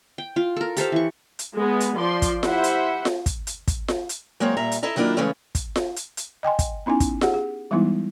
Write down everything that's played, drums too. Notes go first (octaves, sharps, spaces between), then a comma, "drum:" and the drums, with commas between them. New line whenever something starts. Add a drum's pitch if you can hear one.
G5
F4
A4 A#4
G4 A4 C5 F5, drum: hi-hat
E3 C#6
drum: hi-hat
G#3 B3 G#4
drum: hi-hat
F3 D5 C6
drum: kick, hi-hat
E4 G4 C5 E5 F#5, drum: snare F4
drum: hi-hat
drum: snare F4
drum: kick, hi-hat
drum: hi-hat
drum: kick, hi-hat
drum: snare F4
drum: hi-hat
F#3 G#3 A#3 C4 C#5
A#2 G3 E5 A#5
drum: hi-hat
E4 A4 D#5 E5 A#5
D#3 F#3 A#3 D4 E4 F4
C#3 E3 G#3 A3 C#4
drum: kick, hi-hat
drum: snare F4
drum: hi-hat
drum: hi-hat
D#5 G5 G#5 C6
drum: kick, hi-hat
B3 C#4 D#4 E4 G#5
drum: kick, hi-hat
G4 G#4 F#5, drum: snare F4
G#4
E3 G3 G#3 B3 D#4 E4